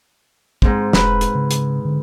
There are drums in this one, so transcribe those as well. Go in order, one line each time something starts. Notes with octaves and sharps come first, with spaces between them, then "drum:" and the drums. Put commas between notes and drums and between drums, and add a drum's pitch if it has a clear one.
G#2 C4, drum: kick
E1 B4, drum: snare
drum: hi-hat
C#3
drum: hi-hat
D3